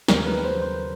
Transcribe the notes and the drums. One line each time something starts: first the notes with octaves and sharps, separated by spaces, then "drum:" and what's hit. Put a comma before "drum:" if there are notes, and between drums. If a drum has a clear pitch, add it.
D#2 C#3 F#3 A#4, drum: snare
B4
C5
C5